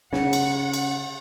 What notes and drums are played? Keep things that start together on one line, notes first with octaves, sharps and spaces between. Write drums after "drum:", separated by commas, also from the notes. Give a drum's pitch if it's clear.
C#3 F#5, drum: snare
drum: cymbal
drum: cymbal